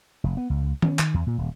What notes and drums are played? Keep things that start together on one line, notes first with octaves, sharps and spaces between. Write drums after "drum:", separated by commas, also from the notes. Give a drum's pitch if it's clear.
F1
B3
C#2
C#4, drum: tom D#3
D#3, drum: clap
E2
A#2
D#1